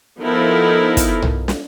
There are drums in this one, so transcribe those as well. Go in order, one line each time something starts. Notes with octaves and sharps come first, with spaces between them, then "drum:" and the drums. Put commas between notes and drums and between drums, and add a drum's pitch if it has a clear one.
F3 B3 D#4 E4 A4 A#4
drum: kick, hi-hat
drum: tom B1
drum: snare